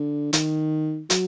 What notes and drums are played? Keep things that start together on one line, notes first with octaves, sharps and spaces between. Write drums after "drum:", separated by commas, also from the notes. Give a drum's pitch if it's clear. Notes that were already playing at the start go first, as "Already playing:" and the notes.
Already playing: D3
D#3, drum: hi-hat
F#3, drum: hi-hat